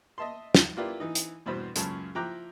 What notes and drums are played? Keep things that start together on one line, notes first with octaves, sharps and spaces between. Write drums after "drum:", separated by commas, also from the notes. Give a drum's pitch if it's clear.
D#5 E5 A5 C6
drum: snare
A#3 E4 F4 G4 B4 D5
E3 D#4
drum: hi-hat
E2 G2 B2 C5 B5
C#2 F#2 C#3 A5, drum: hi-hat
F3 E4 G5 A#5 D6 F#6